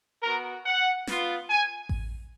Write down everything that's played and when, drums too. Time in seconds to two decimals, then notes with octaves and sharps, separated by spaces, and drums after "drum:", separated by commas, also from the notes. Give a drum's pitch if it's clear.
0.23 B3 F#4 A#4
0.65 F#5
1.07 B3 F4, drum: snare
1.50 G#5
1.89 drum: kick A1